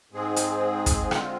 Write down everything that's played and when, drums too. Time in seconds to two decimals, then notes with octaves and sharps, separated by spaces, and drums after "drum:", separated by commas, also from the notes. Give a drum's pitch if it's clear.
0.12 G#2 G#3 C4 G#4
0.36 drum: hi-hat
0.86 drum: kick, hi-hat
1.11 D3 G#3 C4 F4, drum: rim click